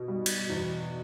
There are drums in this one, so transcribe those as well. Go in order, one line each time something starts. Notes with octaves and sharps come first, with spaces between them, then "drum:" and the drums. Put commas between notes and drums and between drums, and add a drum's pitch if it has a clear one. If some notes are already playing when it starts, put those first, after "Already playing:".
Already playing: B2
G3
drum: cymbal
E2